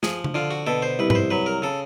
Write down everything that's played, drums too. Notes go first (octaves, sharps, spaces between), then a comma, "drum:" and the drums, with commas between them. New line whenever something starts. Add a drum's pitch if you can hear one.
F3 G#4, drum: snare
drum: tom C#3
D3 F4
F#4
B2 A4
C5
C2 B4
B4, drum: tom G#2
C5
F#3 B4
A#4
C#3 A4